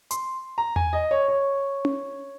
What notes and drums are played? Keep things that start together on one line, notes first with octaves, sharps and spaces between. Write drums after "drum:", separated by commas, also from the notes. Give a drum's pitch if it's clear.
C6, drum: hi-hat
A#5
G#5, drum: tom E2
D#5
C#5
C#5
drum: tom C#4